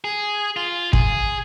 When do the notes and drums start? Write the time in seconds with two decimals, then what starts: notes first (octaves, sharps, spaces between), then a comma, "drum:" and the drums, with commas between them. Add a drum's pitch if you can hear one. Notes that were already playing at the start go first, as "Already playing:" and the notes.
0.04 G#4
0.56 F4
0.93 G#4, drum: kick